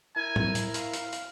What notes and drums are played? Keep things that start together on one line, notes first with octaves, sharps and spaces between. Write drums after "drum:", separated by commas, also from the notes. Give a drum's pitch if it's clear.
E4 A#4 G#5
drum: tom A2
drum: hi-hat
F5, drum: hi-hat
drum: hi-hat
drum: hi-hat